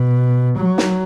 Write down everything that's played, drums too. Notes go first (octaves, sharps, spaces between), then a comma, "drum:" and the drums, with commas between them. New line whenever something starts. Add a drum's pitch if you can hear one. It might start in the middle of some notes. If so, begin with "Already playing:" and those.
Already playing: B2
F#3
drum: snare